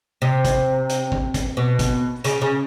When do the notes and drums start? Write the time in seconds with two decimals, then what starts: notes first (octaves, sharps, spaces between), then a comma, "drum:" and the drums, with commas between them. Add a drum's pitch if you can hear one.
0.22 C3
0.45 drum: kick, hi-hat
0.89 drum: hi-hat
1.12 drum: kick
1.34 drum: kick, hi-hat
1.57 B2
1.79 drum: kick, hi-hat
2.24 C#3, drum: hi-hat
2.42 C#3